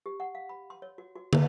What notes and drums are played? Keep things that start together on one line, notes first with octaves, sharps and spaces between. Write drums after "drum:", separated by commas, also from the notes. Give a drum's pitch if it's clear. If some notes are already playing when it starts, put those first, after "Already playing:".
G4
F#5
F5
B5
C6
C#5
F#4
F#4
B4, drum: tom